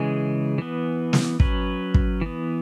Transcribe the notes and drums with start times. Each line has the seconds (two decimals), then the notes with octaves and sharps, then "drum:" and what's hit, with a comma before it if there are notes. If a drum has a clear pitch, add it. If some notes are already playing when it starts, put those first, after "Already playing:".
Already playing: C#3 E3 G#3 G#4
0.58 E3 B3
1.13 drum: snare
1.40 F#3 C#4 B4, drum: kick
1.94 drum: kick
2.21 E3 B3